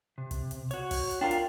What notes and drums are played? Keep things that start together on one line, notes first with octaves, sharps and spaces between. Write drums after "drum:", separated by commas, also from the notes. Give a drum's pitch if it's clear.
C3
drum: kick, hi-hat
drum: hi-hat
F#4 C#5, drum: hi-hat
drum: kick, open hi-hat
drum: hi-hat
D4 F4 A#4 G5
drum: hi-hat